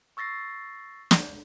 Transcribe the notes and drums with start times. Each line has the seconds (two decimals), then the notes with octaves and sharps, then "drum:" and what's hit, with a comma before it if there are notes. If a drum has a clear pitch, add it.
0.17 C#6 E6 A6 A#6 C7
1.11 drum: snare